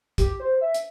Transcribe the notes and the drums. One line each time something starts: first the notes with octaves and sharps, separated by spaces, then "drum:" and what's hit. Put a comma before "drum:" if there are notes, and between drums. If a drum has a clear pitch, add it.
G4, drum: kick, hi-hat
C5
E5
drum: hi-hat